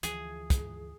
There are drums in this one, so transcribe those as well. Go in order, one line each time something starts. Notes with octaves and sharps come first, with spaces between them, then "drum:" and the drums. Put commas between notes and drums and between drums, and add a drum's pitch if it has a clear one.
D2 E3 F3 G#4, drum: hi-hat
drum: kick, hi-hat